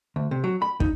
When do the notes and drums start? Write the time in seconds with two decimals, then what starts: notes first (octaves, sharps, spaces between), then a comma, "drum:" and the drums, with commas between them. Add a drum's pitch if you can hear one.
0.16 D2
0.31 C3
0.44 F#3
0.62 B5
0.80 D#4, drum: kick